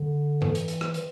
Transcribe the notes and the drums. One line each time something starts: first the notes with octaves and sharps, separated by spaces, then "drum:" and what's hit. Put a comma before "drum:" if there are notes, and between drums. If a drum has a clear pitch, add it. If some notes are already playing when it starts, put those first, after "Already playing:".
Already playing: D3
E3, drum: tom G#2
drum: hi-hat
drum: hi-hat
drum: rim click
drum: hi-hat